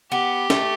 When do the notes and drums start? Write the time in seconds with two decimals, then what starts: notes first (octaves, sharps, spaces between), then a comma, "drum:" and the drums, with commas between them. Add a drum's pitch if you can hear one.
0.12 B3 G4
0.50 A3, drum: snare